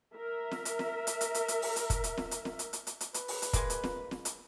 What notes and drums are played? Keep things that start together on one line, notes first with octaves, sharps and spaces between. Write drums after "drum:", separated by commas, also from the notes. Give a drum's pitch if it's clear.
A#4 E5
drum: snare
drum: hi-hat
drum: snare
drum: hi-hat
drum: hi-hat
drum: hi-hat
drum: hi-hat
drum: open hi-hat
drum: hi-hat
drum: kick, hi-hat
drum: hi-hat
drum: snare
drum: hi-hat
drum: snare
drum: hi-hat
drum: hi-hat
drum: hi-hat
drum: hi-hat
B4, drum: hi-hat
drum: open hi-hat
drum: hi-hat
G#3 A#3, drum: kick, hi-hat
drum: hi-hat
drum: snare
drum: snare
drum: hi-hat